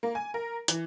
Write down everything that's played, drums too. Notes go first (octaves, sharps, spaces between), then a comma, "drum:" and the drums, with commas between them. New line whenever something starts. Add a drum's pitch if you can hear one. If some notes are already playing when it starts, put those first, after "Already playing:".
A#3
G#5
A#4
E3, drum: hi-hat